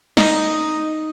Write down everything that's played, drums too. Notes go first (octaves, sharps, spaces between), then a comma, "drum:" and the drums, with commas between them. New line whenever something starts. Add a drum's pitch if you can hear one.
D#4, drum: snare